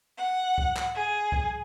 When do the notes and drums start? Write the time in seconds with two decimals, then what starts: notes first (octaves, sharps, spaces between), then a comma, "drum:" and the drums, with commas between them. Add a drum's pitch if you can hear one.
0.17 F#5
0.58 drum: kick C2
0.76 drum: clap
0.95 G#4
1.32 drum: kick C2